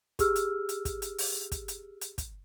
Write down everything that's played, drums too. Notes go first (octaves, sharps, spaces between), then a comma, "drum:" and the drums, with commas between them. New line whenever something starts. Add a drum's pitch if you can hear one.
G4 G#4 E6 F6, drum: kick, hi-hat
drum: hi-hat
drum: hi-hat
drum: kick, hi-hat
drum: hi-hat
drum: open hi-hat
drum: kick, hi-hat
drum: hi-hat
drum: hi-hat
drum: kick, hi-hat